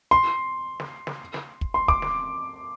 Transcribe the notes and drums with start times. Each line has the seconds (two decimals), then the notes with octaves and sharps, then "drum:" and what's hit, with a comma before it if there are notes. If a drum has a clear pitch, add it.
0.11 C6
0.80 drum: snare
1.07 drum: snare
1.34 drum: snare
1.61 drum: kick
1.74 C6
1.88 D6, drum: kick
2.02 drum: snare